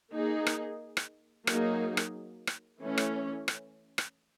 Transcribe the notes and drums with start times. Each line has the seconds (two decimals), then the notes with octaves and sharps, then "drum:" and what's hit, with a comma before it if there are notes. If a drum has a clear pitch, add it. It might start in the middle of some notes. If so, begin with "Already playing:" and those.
0.14 A#3 D#4 G#4
0.47 drum: rim click
0.97 drum: rim click
1.47 F#3 A#3 D#4 G#4, drum: rim click
1.97 drum: rim click
2.47 drum: rim click
2.81 E3 A3 C#4
2.98 drum: rim click
3.48 drum: rim click
3.98 drum: rim click